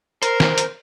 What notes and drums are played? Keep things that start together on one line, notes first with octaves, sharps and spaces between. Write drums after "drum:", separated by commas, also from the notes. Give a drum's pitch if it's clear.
A#4 C5, drum: hi-hat
drum: snare
drum: hi-hat